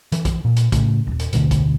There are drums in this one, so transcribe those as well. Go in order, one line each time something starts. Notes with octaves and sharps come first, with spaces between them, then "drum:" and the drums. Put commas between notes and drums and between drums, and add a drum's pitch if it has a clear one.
E3, drum: hi-hat
drum: kick, hi-hat
A#2
drum: hi-hat
A2 C#3, drum: kick, hi-hat
D#1 G#1
drum: hi-hat
A1 D2 B2 D3, drum: hi-hat
drum: kick, hi-hat